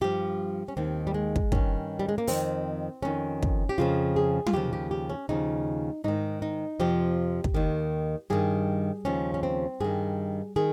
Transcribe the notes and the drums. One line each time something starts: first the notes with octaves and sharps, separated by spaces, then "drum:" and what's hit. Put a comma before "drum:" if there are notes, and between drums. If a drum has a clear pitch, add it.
G2 F3 G4
C#4
D#2 D#3 C4
G3
G#3
drum: kick
G2 D#3 C#4, drum: kick
G3
G#3
A#3
F2 D#3 C4, drum: open hi-hat
F2 D#3 C#4
drum: kick
G4
F2 C#3 F3 F4
G#4
F4, drum: tom
D#2 C#3 F3 G4
G4
G4
C#4
D#2 C#3 F3 D#4
G#2 D#3 D#4
D#4
F2 C3 F3 G4
drum: kick
D#2 D#3
G2 D#3 G#4
D#2 C#3 F3 C#4
C#4
C4
G2 D#3 G#4
D#3 G#4